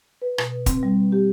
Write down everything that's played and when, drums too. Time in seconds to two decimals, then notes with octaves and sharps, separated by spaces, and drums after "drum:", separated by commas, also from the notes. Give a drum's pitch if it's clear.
0.22 B4
0.38 B2, drum: rim click
0.66 C4, drum: kick, hi-hat
0.83 G3
1.12 G4